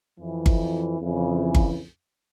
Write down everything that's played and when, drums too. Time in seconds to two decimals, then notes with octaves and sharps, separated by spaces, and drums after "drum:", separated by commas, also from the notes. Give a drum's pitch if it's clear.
0.19 F2 E3
0.46 drum: kick G1
1.00 F2 C#3 E3
1.55 drum: kick G1